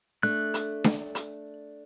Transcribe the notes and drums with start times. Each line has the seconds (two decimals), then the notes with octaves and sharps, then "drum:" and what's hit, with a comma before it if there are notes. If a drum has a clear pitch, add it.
0.23 A3 D4 F#6
0.54 drum: hi-hat
0.84 drum: snare D4
1.15 drum: hi-hat